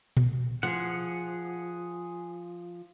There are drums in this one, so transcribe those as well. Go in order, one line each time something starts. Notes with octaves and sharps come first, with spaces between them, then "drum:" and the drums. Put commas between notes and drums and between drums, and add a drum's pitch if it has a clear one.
drum: tom A#2
F3 G#4 F#5